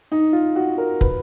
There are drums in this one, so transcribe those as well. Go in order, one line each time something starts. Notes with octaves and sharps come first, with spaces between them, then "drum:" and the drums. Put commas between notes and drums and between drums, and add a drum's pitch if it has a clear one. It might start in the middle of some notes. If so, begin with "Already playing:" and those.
D#4
F4
F#4
A#4
B4, drum: kick